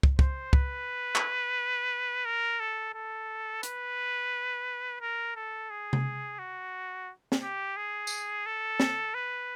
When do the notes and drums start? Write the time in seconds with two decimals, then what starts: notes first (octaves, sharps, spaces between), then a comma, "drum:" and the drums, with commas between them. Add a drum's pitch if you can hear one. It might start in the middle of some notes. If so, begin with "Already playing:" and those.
0.03 drum: kick
0.19 C5, drum: kick
0.53 B4, drum: kick
1.15 drum: clap
2.25 A#4
2.60 A4
2.94 A4
3.63 B4, drum: hi-hat
5.01 A#4
5.36 A4
5.70 G#4
5.93 drum: tom C3
6.39 F#4
7.32 drum: snare
7.43 G4
7.77 G#4
8.07 drum: tambourine
8.46 A4
8.80 drum: snare
9.15 B4